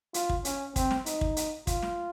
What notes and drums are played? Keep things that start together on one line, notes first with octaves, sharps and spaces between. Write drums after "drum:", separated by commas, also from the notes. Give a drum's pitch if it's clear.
F4, drum: hi-hat
drum: kick
C#4, drum: hi-hat
C4, drum: kick, hi-hat
drum: snare
D#4, drum: hi-hat
drum: kick
drum: hi-hat
F4, drum: kick, hi-hat
drum: snare